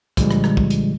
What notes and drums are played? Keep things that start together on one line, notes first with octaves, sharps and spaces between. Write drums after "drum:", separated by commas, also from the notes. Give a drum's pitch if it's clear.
A#2 D3 F3 G3 G#3, drum: kick, hi-hat
drum: rim click
drum: rim click
drum: kick
drum: hi-hat